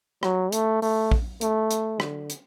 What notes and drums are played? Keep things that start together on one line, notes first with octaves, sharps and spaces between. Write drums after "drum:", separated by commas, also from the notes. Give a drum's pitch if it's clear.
F#3, drum: rim click
A3, drum: hi-hat
A3, drum: open hi-hat
drum: kick
A3, drum: hi-hat
drum: hi-hat
D3, drum: rim click
drum: hi-hat